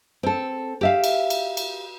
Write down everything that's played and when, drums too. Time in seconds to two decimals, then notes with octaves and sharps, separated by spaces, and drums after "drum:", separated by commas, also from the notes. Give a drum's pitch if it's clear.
0.23 C4 A4
0.81 G4 E5 F5
1.04 drum: cymbal
1.30 drum: cymbal
1.57 drum: cymbal